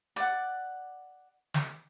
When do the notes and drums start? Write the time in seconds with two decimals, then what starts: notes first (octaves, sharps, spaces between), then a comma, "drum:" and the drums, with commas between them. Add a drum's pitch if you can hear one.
0.16 D5 F#5, drum: hi-hat
1.54 drum: snare